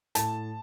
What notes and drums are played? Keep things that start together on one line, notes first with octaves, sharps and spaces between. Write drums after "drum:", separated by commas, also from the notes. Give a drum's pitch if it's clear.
A2 A5, drum: hi-hat